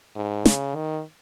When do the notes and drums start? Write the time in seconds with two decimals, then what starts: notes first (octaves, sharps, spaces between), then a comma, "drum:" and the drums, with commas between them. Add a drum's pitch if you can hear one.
0.16 G#2
0.45 C#3, drum: snare
0.75 D#3